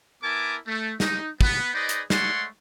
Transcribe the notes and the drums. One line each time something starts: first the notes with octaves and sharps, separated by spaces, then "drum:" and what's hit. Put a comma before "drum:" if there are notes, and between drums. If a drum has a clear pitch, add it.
B3 E4 A#4 G#5 A5 D6
A3
D#4, drum: snare
B3 B4, drum: kick
D#4 G#4 B4 C5 D5 D#5
drum: hi-hat
G#3 A3 C#5 D5 F#5 C6, drum: snare